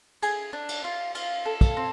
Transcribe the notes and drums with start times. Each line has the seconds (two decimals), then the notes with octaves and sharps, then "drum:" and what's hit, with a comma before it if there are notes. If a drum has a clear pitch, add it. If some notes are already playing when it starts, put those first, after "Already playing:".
0.23 G#4, drum: cymbal
0.53 D4
0.69 drum: cymbal
0.84 F4
1.15 F4, drum: cymbal
1.45 A4
1.61 drum: kick, cymbal
1.77 C4